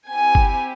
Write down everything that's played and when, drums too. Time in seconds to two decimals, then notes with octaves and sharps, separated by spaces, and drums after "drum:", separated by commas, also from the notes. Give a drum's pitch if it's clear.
0.10 C4 E4 G4 G#5
0.35 drum: kick G1